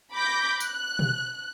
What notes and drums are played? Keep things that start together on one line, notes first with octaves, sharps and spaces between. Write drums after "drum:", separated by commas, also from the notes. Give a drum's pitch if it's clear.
B5 D6 G6 A#6
F#6, drum: tambourine
drum: tom B2